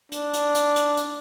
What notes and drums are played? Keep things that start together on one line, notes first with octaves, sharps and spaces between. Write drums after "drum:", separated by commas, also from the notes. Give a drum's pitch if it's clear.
D4, drum: hi-hat
drum: hi-hat
drum: hi-hat
drum: hi-hat
drum: hi-hat